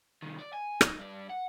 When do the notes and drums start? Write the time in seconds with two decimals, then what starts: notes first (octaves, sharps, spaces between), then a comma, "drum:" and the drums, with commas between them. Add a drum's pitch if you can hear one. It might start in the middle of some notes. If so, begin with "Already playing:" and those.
0.22 C2 D#3
0.40 D5
0.53 G#5
0.81 D#4, drum: rim click
0.98 G2 D5
1.29 F#5